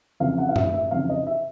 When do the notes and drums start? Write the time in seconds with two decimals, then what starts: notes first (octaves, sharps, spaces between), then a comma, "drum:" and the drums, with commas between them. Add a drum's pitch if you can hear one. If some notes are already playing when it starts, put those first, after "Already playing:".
0.20 F1 F2 C#3 E3 F5
0.38 F#5
0.49 F5
0.56 E5, drum: tom F#2
0.73 E5
0.91 F1 F2 C#3 E3 F5
1.09 D#5
1.27 E5